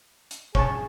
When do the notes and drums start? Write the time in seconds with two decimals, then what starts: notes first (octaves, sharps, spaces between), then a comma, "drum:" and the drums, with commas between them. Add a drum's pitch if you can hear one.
0.31 drum: hi-hat
0.55 G#4 C#5 A5, drum: kick